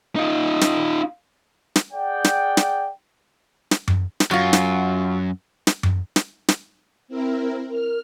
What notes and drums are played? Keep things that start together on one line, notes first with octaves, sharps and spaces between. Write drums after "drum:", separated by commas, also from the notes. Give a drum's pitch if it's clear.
D#4 F4
drum: snare
drum: snare
G#4 D5 F#5 G5
drum: snare
drum: snare
drum: snare
drum: tom F#2
drum: snare
F#2 F#3 F4
drum: snare
drum: snare
drum: tom F#2
drum: snare
drum: snare
C4 E4 A#4
A#4 F6